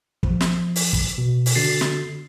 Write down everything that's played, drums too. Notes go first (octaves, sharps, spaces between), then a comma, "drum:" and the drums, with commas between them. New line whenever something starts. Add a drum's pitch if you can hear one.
F3, drum: kick
drum: snare
drum: open hi-hat
drum: kick
B2
drum: open hi-hat
D3 F#4 A6 C7
drum: snare